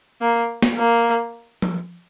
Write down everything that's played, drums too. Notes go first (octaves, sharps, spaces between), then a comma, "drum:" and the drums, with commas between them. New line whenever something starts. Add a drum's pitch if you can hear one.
A#3
drum: snare
A#3
drum: tom F3